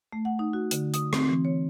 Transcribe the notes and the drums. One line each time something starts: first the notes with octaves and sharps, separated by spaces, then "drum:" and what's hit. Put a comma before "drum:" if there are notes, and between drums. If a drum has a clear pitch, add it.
A3
F#5
D#4
F#4
D3, drum: hi-hat
D#6, drum: hi-hat
C4, drum: rim click
E3
C#5